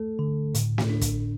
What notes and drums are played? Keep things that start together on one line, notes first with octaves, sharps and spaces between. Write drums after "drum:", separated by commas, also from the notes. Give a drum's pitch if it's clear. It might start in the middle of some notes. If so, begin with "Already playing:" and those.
Already playing: A3 A4
D3
A2, drum: hi-hat
drum: snare
D4
drum: kick, hi-hat